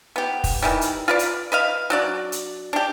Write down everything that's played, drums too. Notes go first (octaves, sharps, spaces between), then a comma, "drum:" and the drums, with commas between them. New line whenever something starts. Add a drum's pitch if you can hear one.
B3 G4
drum: kick, open hi-hat
D#3 E3 G3
drum: hi-hat
F4 B4 D5
drum: hi-hat
B4 D#5 F5
F#3 D4 D5
drum: hi-hat
D4 G4